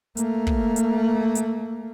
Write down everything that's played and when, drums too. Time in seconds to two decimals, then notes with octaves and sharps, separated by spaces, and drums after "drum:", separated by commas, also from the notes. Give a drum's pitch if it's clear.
0.17 A3 A#3, drum: hi-hat
0.47 drum: kick
0.76 drum: hi-hat
1.35 drum: hi-hat